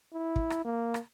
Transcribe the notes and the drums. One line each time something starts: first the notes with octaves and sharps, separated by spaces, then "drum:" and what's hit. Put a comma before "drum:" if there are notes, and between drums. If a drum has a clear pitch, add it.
E4
drum: kick
drum: rim click
A#3
drum: rim click